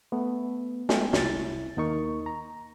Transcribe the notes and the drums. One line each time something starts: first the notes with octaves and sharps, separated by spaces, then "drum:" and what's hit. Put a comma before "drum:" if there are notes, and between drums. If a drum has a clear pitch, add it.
A3 B3
G#3 A3 B3 G#4 G5, drum: snare
C2 E4 A6, drum: snare
D#2 A#3 D#4 A#4 C#6
A#5